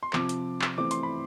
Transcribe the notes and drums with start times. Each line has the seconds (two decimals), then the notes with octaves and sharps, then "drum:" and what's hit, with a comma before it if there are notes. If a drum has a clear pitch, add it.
0.03 C6
0.13 C3 F3 C4 D6, drum: clap
0.29 drum: hi-hat
0.62 drum: clap
0.77 E3 A3 C4 D6
0.91 C6, drum: hi-hat
1.03 B5